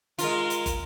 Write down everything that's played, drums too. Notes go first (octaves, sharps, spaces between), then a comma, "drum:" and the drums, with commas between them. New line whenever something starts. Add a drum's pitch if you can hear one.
G#3 F4 A#4, drum: hi-hat
drum: hi-hat
drum: kick, hi-hat